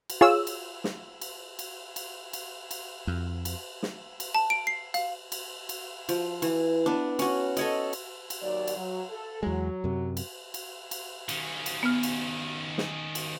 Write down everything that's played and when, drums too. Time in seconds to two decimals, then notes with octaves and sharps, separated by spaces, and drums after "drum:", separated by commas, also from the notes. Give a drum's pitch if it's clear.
0.10 drum: cymbal
0.21 F4 G#4 C#5 E6
0.47 drum: cymbal
0.84 drum: snare
1.21 drum: cymbal
1.59 drum: cymbal
1.96 drum: cymbal
2.33 drum: cymbal
2.71 drum: cymbal
3.07 F2
3.45 drum: cymbal
3.83 drum: snare
4.20 drum: cymbal
4.35 A5
4.50 D7
4.67 C7
4.94 F5, drum: cymbal
5.32 drum: cymbal
5.69 drum: cymbal
6.09 F3, drum: cymbal
6.42 E3, drum: cymbal
6.86 B3 D4
7.19 C#4 F#4, drum: cymbal
7.57 A4 C#5 D#5, drum: cymbal
7.93 drum: cymbal
8.30 drum: cymbal
8.42 D#2 F#3 D5
8.68 drum: cymbal
8.77 F#3
9.10 A4
9.43 E2 F#3 G#3
9.84 F#2 C3
10.17 drum: cymbal
10.54 drum: cymbal
10.91 drum: cymbal
11.29 D#3 C#4, drum: cymbal
11.66 drum: cymbal
11.83 B3 F6
12.03 drum: cymbal
12.78 drum: snare
13.15 drum: cymbal